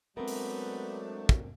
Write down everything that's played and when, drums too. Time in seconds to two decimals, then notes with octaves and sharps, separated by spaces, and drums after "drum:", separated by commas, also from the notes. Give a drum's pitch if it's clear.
0.17 F#3 G#3 A3 B3 C4 D4 A#4 C5
0.28 drum: open hi-hat
1.29 drum: kick